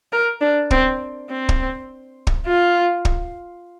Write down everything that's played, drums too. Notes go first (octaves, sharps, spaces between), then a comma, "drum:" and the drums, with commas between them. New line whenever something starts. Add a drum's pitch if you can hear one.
A#4
D4
C4, drum: kick
C4
drum: kick
drum: kick
F4
drum: kick